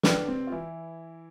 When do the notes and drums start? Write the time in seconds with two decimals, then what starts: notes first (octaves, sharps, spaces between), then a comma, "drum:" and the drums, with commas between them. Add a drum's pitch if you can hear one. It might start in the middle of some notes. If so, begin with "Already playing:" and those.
0.03 D3 D4 B4 D5 G5 D6 F6, drum: snare
0.20 D4
0.28 C3 C4
0.47 F4
0.52 E3 E4